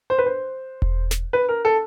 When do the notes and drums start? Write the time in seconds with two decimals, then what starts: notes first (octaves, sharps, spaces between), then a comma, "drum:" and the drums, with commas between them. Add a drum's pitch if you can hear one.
0.10 C5
0.19 B4
0.26 C5
0.82 drum: kick E1
1.11 drum: snare
1.33 B4
1.49 A#4
1.65 A4